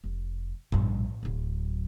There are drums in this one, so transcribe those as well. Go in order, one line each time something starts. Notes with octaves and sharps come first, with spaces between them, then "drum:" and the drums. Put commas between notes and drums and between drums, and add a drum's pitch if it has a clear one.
F1
A#1 G2, drum: tom A2
D1 F#3